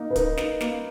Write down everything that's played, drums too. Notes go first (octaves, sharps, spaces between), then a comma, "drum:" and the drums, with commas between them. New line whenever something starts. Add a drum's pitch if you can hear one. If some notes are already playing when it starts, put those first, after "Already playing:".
Already playing: A#3 D#4
B4
D#4 A#4, drum: kick, hi-hat
D#4, drum: snare
A#3, drum: snare